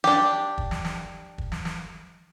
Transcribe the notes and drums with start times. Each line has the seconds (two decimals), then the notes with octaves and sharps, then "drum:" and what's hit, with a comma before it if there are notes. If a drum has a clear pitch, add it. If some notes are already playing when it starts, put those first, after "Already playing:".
0.04 D4 G4, drum: snare
0.58 drum: kick
0.71 drum: snare
0.85 drum: snare
1.38 drum: kick
1.52 drum: snare
1.65 drum: snare